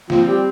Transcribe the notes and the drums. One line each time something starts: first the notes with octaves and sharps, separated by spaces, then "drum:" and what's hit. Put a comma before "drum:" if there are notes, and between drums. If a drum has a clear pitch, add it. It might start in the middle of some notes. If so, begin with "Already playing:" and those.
F3 C4, drum: snare
G3